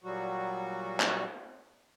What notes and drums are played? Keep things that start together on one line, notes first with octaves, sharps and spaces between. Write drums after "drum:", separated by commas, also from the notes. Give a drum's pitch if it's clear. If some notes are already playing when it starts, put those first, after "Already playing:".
A#2 F#3 G3 F#4
drum: clap